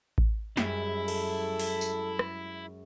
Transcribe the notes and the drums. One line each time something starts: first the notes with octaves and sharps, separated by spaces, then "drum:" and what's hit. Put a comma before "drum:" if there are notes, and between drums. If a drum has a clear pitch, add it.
drum: kick A1
F#2 G3 G#3 E4, drum: snare
A4, drum: cymbal
drum: open hi-hat
drum: tambourine
drum: rim click